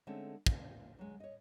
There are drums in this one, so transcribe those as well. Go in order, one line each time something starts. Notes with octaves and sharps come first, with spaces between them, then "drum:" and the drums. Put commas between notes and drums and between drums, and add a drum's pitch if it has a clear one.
D3 G#3 A3 C4 C#4
A#2, drum: kick
F#3 G#3
C#5 D#5